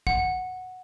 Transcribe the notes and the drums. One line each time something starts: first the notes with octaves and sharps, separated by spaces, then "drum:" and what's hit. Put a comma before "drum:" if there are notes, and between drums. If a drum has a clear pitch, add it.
F#5, drum: kick